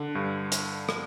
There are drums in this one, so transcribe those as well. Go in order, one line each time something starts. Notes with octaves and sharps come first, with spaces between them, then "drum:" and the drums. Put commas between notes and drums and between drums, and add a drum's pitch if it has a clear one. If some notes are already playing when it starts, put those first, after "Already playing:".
Already playing: D3
G2
drum: hi-hat
drum: rim click